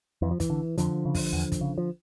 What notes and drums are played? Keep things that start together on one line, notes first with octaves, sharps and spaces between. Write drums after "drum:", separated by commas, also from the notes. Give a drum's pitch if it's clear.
F2 E3
F3
E3, drum: kick, hi-hat
D3
F2 D3 F3, drum: hi-hat
C#3
drum: kick, open hi-hat
E2
drum: kick, hi-hat
C#3
F3